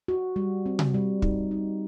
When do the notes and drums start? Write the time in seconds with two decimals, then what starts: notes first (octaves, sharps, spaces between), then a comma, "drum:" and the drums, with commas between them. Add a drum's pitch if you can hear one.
0.08 F#4
0.36 G3
0.66 C4
0.79 drum: tom C3
0.94 G3
1.22 D#4, drum: kick
1.51 D#4